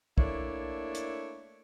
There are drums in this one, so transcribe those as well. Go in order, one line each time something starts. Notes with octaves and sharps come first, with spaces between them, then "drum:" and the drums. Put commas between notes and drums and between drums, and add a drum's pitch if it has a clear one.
A3 A#3 D4 E4 C#5, drum: kick
drum: hi-hat